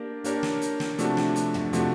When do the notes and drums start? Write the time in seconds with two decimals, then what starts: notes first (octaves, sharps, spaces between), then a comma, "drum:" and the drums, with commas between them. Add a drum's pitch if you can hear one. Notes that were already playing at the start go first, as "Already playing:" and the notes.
Already playing: A#3 D4 G4 A#4
0.24 A#3 D4 G4 A#4 C#5, drum: hi-hat
0.43 drum: snare
0.61 drum: hi-hat
0.80 drum: snare
0.98 C3 F3 A3 D4 F#4, drum: hi-hat
1.17 drum: snare
1.36 drum: hi-hat
1.54 drum: tom
1.73 C3 F3 A3 D4 F#4, drum: hi-hat